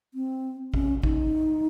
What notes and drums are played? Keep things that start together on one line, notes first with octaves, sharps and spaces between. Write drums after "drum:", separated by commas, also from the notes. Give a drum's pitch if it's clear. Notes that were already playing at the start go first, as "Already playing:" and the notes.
C4
C#4, drum: kick A1
D#4, drum: kick A1